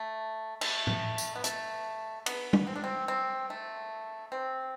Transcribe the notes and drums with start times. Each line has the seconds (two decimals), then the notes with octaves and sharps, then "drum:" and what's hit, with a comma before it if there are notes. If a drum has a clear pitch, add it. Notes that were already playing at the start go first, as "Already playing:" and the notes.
Already playing: A3
0.61 A3, drum: cymbal
0.87 drum: tom A2
1.18 drum: tambourine
1.36 B3
1.44 A3, drum: hi-hat
2.26 B3, drum: cymbal
2.53 drum: tom
2.67 C4
2.76 D4
2.84 C4
3.08 C4
3.50 A3
4.32 C4